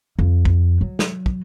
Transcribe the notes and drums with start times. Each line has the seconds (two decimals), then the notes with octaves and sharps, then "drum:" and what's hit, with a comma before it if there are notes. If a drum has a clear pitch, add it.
0.19 F2
0.45 drum: kick
0.81 F#3
0.99 drum: snare
1.26 drum: kick